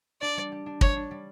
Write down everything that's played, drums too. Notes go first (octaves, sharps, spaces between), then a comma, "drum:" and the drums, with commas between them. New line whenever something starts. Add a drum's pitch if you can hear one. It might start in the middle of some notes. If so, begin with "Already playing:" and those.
D4 D5
G3
G4
D4
G3 C#5, drum: kick
D4
G3